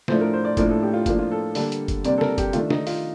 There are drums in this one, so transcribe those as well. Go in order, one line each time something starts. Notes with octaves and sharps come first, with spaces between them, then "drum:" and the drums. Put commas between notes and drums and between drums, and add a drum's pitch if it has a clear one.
A2 F3 A3 D4 C5, drum: snare
A#4
C5
D5
A2 F3 A#3 D4 A#4, drum: kick F#1, hi-hat
A4
G4
F4
A2 F3 A#3 D4 F4, drum: kick F#1, hi-hat
F4
A4
D3 G3 A#3 D4 A4, drum: open hi-hat
drum: hi-hat
drum: kick F#1, hi-hat
C3 G3 A#3 D4 D5, drum: hi-hat
A4
A#4, drum: snare
G4, drum: kick F#1, hi-hat
D#3 A3 D4 F4, drum: hi-hat
D#4, drum: snare
F4, drum: open hi-hat